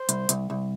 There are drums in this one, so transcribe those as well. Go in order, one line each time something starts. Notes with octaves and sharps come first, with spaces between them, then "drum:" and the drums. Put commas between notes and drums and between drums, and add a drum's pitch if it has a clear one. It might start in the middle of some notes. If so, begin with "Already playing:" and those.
Already playing: C5
C2, drum: hi-hat
C2, drum: hi-hat
C2